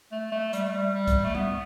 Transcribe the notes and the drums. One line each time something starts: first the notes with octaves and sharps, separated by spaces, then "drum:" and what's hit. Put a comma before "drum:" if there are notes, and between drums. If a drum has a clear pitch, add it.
A3
A3
G3, drum: hi-hat
A3
G3
G3
drum: kick C2, hi-hat
A3
B3, drum: tom G3